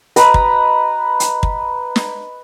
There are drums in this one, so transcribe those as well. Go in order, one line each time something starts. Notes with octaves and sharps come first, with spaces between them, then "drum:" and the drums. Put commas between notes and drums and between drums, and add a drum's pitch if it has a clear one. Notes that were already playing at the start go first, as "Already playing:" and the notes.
B4 D#5 A#5 B5, drum: hi-hat
drum: kick
drum: hi-hat
drum: kick
drum: snare